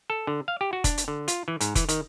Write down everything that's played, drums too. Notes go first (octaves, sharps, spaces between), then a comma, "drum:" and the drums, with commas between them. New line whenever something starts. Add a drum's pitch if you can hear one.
A4
D3
F5
G4
F#4
D4, drum: kick F1, hi-hat
drum: hi-hat
D3
F4, drum: hi-hat
E3
G#2, drum: hi-hat
E3, drum: kick F1, hi-hat
D#3, drum: hi-hat